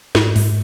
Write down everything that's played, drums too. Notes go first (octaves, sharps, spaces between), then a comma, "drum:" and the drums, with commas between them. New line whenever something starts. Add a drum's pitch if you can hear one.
G#2, drum: snare
G#2, drum: open hi-hat